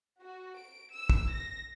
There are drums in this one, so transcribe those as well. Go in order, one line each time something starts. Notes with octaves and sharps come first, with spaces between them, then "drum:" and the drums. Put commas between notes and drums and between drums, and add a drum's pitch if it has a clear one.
F#4
D7
E6
drum: kick
A#6